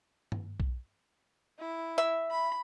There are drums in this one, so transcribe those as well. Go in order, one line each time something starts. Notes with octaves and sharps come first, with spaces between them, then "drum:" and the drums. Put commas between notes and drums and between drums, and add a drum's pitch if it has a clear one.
drum: tom G2
drum: kick B1
E4
E5
B5